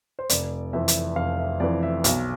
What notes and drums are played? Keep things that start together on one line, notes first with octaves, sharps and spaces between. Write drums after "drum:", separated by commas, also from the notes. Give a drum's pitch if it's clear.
C5
F1 D5, drum: hi-hat
F2 E3 E5
drum: hi-hat
F1 F5
E5
F2 E3 D5
E5
B1, drum: hi-hat